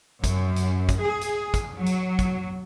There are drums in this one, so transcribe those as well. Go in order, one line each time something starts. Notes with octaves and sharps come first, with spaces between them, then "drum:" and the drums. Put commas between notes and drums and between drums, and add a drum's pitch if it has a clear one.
F#2, drum: kick, hi-hat
drum: hi-hat
drum: kick, hi-hat
G#4
drum: hi-hat
drum: kick, hi-hat
F#3
drum: hi-hat
drum: kick, hi-hat